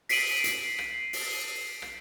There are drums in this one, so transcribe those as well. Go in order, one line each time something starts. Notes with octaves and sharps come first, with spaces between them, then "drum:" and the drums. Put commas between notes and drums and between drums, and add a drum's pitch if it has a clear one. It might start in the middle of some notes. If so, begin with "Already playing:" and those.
B6 C7 D7 D#7 F#7, drum: open hi-hat
drum: hi-hat
drum: rim click
drum: open hi-hat
drum: rim click